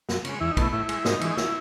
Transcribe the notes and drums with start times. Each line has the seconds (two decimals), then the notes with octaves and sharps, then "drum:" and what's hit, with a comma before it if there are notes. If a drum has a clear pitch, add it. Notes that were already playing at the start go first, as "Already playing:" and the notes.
0.09 F#2, drum: snare
0.25 C#3 G#3, drum: cymbal
0.40 E2 E4
0.51 D#4
0.57 B2 A3 E4, drum: kick, cymbal
0.73 A2 E4
0.89 G#3, drum: cymbal
1.05 G#2 D#4, drum: snare
1.21 E3 G#3, drum: cymbal
1.31 D#4
1.37 E4, drum: snare